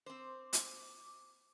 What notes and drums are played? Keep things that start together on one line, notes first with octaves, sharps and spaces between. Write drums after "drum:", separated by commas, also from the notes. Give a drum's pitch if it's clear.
C4 C5 D6
drum: hi-hat